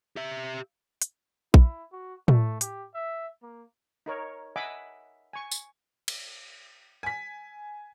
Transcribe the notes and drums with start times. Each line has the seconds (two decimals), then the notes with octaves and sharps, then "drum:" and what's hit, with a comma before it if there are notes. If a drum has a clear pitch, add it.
0.16 G4 E5
1.02 drum: hi-hat
1.54 E4, drum: kick A#1
1.92 F#4
2.28 A3, drum: tom A2
2.61 G4, drum: hi-hat
2.94 E5
3.42 A#3
4.06 D#4 A#4 C#5
4.56 D#5 E5 F#5 G#5 B5 D6
5.33 G#5 C#6
5.52 drum: tambourine
6.08 drum: cymbal
7.03 G#5 B6